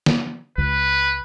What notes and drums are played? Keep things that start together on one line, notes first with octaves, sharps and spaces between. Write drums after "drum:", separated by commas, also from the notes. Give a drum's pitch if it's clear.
drum: snare
C#2 B4